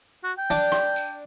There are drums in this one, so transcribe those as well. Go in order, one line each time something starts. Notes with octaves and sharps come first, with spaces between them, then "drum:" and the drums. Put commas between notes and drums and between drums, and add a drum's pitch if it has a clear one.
F#4
G5
D4, drum: tambourine
drum: rim click
drum: tambourine